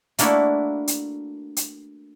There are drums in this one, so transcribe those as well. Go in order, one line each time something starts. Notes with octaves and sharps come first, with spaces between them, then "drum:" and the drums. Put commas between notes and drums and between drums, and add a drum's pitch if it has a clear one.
A3 A#3 D4 E4 F#4 A4, drum: hi-hat
drum: hi-hat
drum: hi-hat